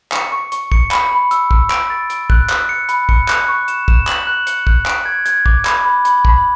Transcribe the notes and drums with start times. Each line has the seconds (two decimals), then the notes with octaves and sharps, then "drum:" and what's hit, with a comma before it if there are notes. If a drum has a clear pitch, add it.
0.12 C#7, drum: clap
0.32 C#6
0.52 C#6, drum: hi-hat
0.72 C#7, drum: kick
0.91 B5, drum: clap
1.11 B5
1.31 E6, drum: hi-hat
1.51 E6, drum: kick
1.71 D7, drum: clap
1.90 A6
2.10 D7, drum: hi-hat
2.30 F#6, drum: kick
2.49 F#6, drum: clap
2.69 C#7
2.89 B5, drum: hi-hat
3.09 C#7, drum: kick
3.29 F#6, drum: clap
3.48 C#6
3.68 E7, drum: hi-hat
3.88 E7, drum: kick
4.07 F#7, drum: clap
4.27 F#6
4.47 C#7, drum: hi-hat
4.67 F#6, drum: kick
4.86 D7, drum: clap
5.05 G#6
5.26 G#6, drum: hi-hat
5.46 D6, drum: kick
5.65 B5, drum: clap
5.85 B5
6.05 B5, drum: hi-hat
6.25 B5, drum: kick